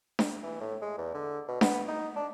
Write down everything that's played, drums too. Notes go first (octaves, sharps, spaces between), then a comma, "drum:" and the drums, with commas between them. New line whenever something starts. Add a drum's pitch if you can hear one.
drum: snare D4
E3
A2
G#3
E2
D3
B2
B3, drum: snare D4
D#4
D4